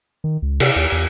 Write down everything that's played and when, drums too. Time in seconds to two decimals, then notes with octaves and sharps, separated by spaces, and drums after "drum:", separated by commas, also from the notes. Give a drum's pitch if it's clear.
0.24 D#3
0.42 C#2
0.60 C3, drum: cymbal
0.76 D#2
0.92 E2